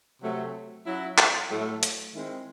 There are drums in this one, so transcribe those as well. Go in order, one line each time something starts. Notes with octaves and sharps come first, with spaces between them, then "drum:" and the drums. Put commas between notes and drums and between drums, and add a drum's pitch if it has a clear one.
C3 F#3 A3
F#3 C#4 E4
drum: clap
A2 F#3 A3
drum: hi-hat
D#3 G#3 C4 E4